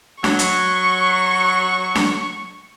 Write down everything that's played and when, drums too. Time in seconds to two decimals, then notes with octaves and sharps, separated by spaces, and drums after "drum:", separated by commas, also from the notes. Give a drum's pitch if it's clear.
0.24 F#3 C#6, drum: snare D4
0.39 drum: hi-hat
1.95 drum: snare D4